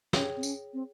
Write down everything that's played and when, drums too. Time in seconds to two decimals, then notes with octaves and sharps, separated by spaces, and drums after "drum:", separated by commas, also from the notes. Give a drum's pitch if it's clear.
0.13 C#4 G#4 C#5 G5, drum: snare
0.37 C4
0.43 C#4, drum: tambourine
0.74 C4